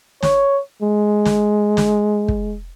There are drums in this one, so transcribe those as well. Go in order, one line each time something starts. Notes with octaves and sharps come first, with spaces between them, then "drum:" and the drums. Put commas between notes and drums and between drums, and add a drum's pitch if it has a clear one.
C#5, drum: snare
G#3
drum: snare
drum: snare
drum: kick